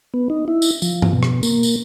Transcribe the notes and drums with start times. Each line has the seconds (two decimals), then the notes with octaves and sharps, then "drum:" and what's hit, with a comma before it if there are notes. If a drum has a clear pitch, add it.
0.14 B3
0.30 D#4
0.48 E4
0.62 drum: tambourine
0.82 F3, drum: tambourine
1.02 drum: tom G2
1.13 B2
1.23 drum: rim click
1.43 A#3, drum: tambourine
1.63 drum: tambourine